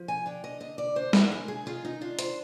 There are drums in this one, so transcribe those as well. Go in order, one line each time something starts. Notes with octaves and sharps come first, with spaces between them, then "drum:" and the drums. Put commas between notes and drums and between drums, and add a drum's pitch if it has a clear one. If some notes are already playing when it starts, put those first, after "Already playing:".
Already playing: F3
G#5
D3 G5
D#5
D3 D#5
D5
D3 C5
A#4, drum: snare
G#3 A#4
G#4
D#3 F4
D#4
D4 F4
C5, drum: hi-hat